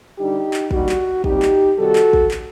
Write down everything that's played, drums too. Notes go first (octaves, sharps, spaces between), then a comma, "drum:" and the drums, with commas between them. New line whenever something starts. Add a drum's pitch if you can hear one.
D3 G3 D4 D#4 G4
drum: clap
D3 G3 A#3 D#4 F#4, drum: kick
drum: clap
A#2 G3 C4 D#4 G4, drum: kick
drum: clap
C3 D#3 G3 F#4 A4
drum: clap
drum: kick
drum: clap